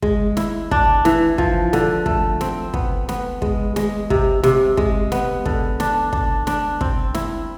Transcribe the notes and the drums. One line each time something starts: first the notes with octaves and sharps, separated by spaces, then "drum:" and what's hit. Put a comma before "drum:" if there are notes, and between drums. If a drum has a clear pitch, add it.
G#3, drum: kick
E4, drum: snare
D4, drum: kick
E3, drum: snare
F3, drum: kick
D3, drum: snare
A3, drum: kick
C4, drum: snare
B3, drum: kick
B3, drum: snare
G#3, drum: kick
G#3, drum: snare
C3, drum: kick
C3, drum: snare
G#3, drum: kick
B3, drum: snare
D3, drum: kick
D4, drum: snare
D4, drum: kick
D4, drum: snare
C4, drum: kick
E4, drum: snare